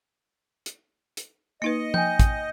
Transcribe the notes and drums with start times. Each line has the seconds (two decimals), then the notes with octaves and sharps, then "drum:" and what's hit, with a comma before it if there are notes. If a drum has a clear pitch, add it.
0.66 drum: hi-hat
1.17 drum: hi-hat
1.62 A#3 D#4 B4 D#5 C#7
1.94 G5 G#5 G6, drum: tom F3
2.19 drum: kick, hi-hat